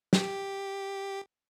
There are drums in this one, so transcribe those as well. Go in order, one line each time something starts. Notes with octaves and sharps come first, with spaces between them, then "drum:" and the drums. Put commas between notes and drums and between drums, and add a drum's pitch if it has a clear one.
G4, drum: snare